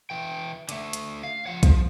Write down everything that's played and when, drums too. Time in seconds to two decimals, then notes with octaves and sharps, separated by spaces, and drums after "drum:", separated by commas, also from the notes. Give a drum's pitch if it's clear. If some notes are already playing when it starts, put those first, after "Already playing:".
0.10 E3 G5
0.69 D3 A3, drum: hi-hat
0.93 drum: hi-hat
1.23 F5
1.47 F3 F#5
1.63 F3, drum: kick B1, hi-hat